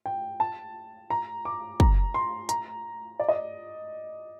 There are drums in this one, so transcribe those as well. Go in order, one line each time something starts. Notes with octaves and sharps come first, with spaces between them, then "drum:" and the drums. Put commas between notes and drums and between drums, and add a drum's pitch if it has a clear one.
G5
A5
A#5
D6
A#5, drum: kick
C6
A#5, drum: hi-hat
D5
D#5